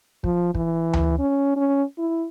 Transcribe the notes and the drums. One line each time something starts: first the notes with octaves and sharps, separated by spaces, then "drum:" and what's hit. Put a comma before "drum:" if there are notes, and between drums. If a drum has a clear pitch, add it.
F3, drum: kick
E3, drum: kick
drum: tom D2
C#4
C#4
E4